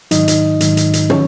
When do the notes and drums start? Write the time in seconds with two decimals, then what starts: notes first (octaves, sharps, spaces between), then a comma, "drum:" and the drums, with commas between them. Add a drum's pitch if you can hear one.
0.11 G#2 D#3 F#3 D#4 D#5, drum: hi-hat
0.28 drum: hi-hat
0.60 G#2 D#3 F#3, drum: hi-hat
0.77 drum: hi-hat
0.93 drum: hi-hat
1.10 D#3 F#3 C#4 C#5, drum: tom